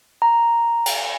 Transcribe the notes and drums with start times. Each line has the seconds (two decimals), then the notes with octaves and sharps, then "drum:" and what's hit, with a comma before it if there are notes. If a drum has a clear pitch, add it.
0.22 A#5
0.86 drum: cymbal